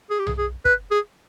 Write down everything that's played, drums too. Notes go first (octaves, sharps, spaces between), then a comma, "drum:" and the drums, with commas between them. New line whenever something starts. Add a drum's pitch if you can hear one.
G#4
G4
G#4, drum: tom B1
G#4
B4, drum: kick
G#4